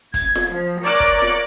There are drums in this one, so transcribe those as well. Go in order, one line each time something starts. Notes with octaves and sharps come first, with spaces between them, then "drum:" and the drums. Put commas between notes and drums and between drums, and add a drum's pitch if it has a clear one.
G#6, drum: kick, hi-hat
drum: snare F4
F3
A#4 C#5 D5 D6 F#6
drum: kick
drum: snare F4